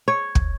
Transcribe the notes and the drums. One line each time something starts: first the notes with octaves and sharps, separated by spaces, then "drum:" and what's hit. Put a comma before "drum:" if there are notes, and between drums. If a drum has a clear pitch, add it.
C#5
drum: kick